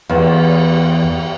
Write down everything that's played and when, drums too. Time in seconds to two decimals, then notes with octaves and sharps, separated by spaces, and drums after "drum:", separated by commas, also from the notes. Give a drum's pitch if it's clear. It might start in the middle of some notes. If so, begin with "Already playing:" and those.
0.09 E2, drum: cymbal